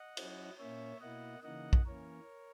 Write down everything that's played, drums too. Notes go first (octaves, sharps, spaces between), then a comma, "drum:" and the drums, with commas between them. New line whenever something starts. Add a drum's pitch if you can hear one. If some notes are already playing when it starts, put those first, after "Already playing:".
Already playing: D#5 F#5
F#3 C#4 E4, drum: cymbal
A#2 A#3 C#4 C#5 E5
B2 A#3 E4 D#5 F#5
C#3 E3 A#3 D#4 D#5 F#5
drum: kick
E3 A#3 C#4 A#4 C#5